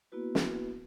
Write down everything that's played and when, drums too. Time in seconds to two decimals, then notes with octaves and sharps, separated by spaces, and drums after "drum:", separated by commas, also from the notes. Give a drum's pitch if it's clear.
0.12 A#3 B3 E4 F#4 B4
0.35 drum: snare